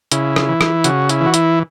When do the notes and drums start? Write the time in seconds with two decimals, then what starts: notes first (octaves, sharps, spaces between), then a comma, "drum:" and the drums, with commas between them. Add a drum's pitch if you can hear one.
0.12 C#3 E4, drum: hi-hat
0.36 drum: rim click
0.49 E3
0.61 drum: rim click
0.84 C#3 F#4, drum: hi-hat
1.09 E4, drum: hi-hat
1.21 E3
1.26 F#4
1.34 E4, drum: hi-hat